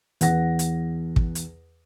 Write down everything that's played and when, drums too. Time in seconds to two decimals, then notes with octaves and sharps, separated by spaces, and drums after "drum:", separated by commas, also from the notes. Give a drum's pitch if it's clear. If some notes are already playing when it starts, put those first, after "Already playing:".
0.21 E2 F#5 A#6, drum: hi-hat
0.59 drum: hi-hat
1.16 drum: kick
1.35 drum: hi-hat